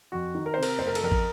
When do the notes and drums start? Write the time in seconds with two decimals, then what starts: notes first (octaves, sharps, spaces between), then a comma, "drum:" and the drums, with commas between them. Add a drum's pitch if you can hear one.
0.12 F2 F#4
0.35 D#3
0.46 A#4
0.54 C3 C5
0.63 A#4, drum: cymbal
0.78 F#1 C5
0.87 A#4
0.95 A4, drum: cymbal
1.01 F2 A#4
1.12 drum: kick